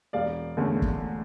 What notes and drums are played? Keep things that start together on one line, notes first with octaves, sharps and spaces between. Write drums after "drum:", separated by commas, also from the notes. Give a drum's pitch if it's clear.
E1 D5 F5
E2 D3 A3 C#4
drum: kick